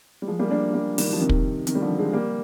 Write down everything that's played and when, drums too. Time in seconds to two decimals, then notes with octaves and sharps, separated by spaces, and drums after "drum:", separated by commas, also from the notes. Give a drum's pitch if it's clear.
0.22 G3
0.27 F3 G#3
0.39 G3 A#3
0.51 A#3 D4
0.74 G3 A#3
0.98 D#3 G3, drum: open hi-hat
1.13 F3
1.20 C3 D#3
1.29 drum: kick
1.67 C3 D#3, drum: hi-hat
1.75 G3
1.82 D3 F3
1.98 G#3 C4
2.13 G3 A#3